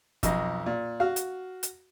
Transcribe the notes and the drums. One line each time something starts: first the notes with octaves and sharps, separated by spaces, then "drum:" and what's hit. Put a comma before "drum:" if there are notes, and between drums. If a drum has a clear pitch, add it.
B1 F2 D#5, drum: kick F#1, hi-hat
A#2
F#4 F5
drum: hi-hat
drum: hi-hat